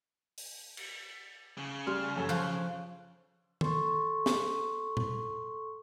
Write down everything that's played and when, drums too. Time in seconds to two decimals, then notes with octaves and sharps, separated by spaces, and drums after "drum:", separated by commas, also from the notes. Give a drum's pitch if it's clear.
0.38 drum: open hi-hat
0.77 drum: cymbal
1.58 C#3
1.87 G3 C6 F6
2.16 F#2 A4 C#5
2.29 F3 F4 C#5 F#6
3.61 A4 C6 C#6, drum: tom
4.26 drum: snare
4.97 drum: tom A#2